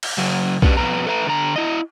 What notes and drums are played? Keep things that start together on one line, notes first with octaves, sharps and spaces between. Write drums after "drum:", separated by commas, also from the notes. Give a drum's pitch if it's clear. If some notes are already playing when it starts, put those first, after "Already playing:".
drum: cymbal
C#3 F#3
B2 C#4 D4 G4 B4, drum: kick B1
F2 B2 B4 A#5
A4 B4 E5 A#5
D3 A#5
E4 D#5